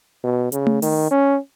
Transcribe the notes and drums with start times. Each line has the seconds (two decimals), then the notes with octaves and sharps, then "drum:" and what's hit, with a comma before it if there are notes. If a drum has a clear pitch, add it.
0.24 B2
0.52 C#3, drum: hi-hat
0.67 drum: tom A3
0.82 D#3, drum: open hi-hat
1.11 C#4